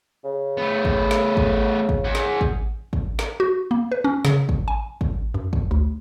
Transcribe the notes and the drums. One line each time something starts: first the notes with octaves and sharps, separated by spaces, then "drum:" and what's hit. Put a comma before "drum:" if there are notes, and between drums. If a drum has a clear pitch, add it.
C#3
A3 B3
drum: kick
drum: snare
drum: kick
drum: kick
G#4 F#5
drum: snare
drum: kick
drum: kick
drum: snare
F#4
A#3
B4
C#4
C#3, drum: snare
drum: kick
G#5
drum: kick
F#2
drum: kick
D2